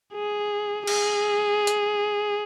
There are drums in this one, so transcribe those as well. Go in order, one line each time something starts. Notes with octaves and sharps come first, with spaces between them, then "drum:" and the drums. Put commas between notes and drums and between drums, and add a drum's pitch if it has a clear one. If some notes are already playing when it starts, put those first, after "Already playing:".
G#4
G#4, drum: cymbal
drum: hi-hat